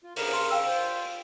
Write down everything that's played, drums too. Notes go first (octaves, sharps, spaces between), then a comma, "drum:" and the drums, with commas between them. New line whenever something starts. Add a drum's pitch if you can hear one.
F4
C#3 A#4, drum: open hi-hat
C6
F5 G5 E6
F4 C5